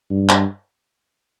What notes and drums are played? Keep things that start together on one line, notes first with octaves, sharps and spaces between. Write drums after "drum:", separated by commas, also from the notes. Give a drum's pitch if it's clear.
G2
drum: clap